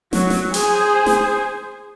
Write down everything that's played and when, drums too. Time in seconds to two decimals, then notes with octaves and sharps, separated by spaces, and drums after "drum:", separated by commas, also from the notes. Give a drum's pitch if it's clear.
0.13 F#3, drum: snare
0.30 drum: snare
0.54 G#4 C5, drum: hi-hat
1.06 drum: snare